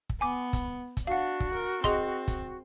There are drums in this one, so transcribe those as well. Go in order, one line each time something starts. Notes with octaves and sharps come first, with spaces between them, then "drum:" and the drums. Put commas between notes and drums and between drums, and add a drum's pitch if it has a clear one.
drum: kick
B3 G#5 D6
drum: kick, hi-hat
drum: kick, hi-hat
D4 F#4 F5 F#5
drum: kick
A#4
C4 G#4 D#5 C6, drum: kick, hi-hat
drum: kick, hi-hat